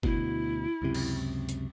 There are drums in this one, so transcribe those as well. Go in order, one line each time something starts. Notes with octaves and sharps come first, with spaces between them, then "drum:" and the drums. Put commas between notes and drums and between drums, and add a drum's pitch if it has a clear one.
D2 B2 E4, drum: kick
C#2 F#2 C3
drum: cymbal
drum: hi-hat